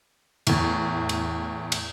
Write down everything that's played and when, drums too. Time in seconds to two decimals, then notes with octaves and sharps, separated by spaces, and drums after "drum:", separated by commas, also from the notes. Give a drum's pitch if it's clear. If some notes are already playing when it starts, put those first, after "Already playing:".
0.47 E2 A2, drum: cymbal
1.09 drum: cymbal
1.72 drum: cymbal